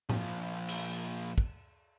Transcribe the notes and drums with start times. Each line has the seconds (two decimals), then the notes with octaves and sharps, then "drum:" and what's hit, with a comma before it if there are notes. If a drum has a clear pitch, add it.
0.09 A#2 F3, drum: tom A2
0.68 drum: cymbal
1.38 drum: kick